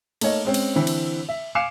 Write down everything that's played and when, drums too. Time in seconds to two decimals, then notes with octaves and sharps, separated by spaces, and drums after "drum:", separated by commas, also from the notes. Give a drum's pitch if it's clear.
0.21 A3 A#3 D#4 C#5 D#5, drum: cymbal
0.45 G#3 C4 C#4
0.54 drum: cymbal
0.75 D3 E3 C4 E4
0.87 drum: cymbal
1.29 E5
1.55 F5 G#5 D6 C7 C#7 E7